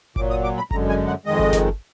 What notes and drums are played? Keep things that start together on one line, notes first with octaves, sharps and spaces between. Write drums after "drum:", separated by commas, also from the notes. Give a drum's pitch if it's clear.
A#2 F#3 D6, drum: kick G1
D#6
D6
B5
F#2 D3 G#3 A#5, drum: kick G1
G#5
F#5
F2 D#3 G#3 D#5
drum: kick G1
drum: snare F#1